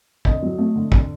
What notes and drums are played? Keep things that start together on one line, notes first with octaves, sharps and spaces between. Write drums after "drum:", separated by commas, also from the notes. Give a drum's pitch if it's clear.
D3 D#5, drum: kick
F#3
A3
D3
D3, drum: kick